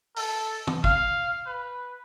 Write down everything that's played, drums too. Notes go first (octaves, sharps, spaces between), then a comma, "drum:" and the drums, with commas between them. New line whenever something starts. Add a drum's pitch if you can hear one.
A4, drum: open hi-hat
drum: tom
F5, drum: kick
B4